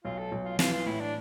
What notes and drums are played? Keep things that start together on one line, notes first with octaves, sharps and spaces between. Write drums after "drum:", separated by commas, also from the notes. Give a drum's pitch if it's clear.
B1 F4
A4
B1
F4
E3 F4, drum: snare
F4
A2 E4
D4